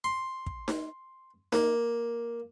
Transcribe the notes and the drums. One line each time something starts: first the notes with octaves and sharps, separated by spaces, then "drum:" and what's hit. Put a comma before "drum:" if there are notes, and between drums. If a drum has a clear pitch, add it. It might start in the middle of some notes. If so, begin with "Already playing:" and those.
C6
drum: kick
drum: snare D#4
A#3, drum: snare D#4